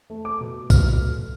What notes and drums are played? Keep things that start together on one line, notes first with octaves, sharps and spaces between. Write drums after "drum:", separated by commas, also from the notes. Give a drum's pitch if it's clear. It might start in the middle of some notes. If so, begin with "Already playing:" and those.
A3
D6
B2
B2 F6, drum: kick, tambourine
A3